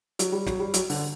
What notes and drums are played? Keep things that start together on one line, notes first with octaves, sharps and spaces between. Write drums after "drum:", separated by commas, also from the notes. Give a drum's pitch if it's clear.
F#3, drum: hi-hat
G3
F#3, drum: snare
G3
F#3, drum: hi-hat
D3, drum: open hi-hat